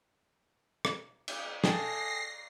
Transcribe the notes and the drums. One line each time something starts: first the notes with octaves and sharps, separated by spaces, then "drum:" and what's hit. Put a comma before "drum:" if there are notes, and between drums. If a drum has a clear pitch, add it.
drum: rim click
drum: cymbal
G#4 A4 G5 A6 A#6 C7, drum: snare